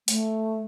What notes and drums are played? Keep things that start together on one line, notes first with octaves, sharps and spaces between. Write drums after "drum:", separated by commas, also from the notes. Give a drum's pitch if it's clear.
A3, drum: hi-hat